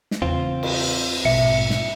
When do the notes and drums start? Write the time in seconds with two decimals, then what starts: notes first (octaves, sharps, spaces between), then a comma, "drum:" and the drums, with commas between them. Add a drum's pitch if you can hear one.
0.11 drum: snare
0.22 E2 A#2 C#3 C4 F4
0.63 drum: cymbal
1.25 A#1 G#2 B2 E5 C#7
1.70 drum: snare